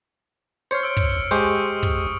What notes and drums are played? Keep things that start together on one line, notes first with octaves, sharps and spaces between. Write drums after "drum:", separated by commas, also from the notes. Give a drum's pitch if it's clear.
C5 C#5 F6 C7 C#7
E6 D7
drum: kick, hi-hat
G#3 G4 C5 C#6 D#6, drum: hi-hat
drum: hi-hat
drum: kick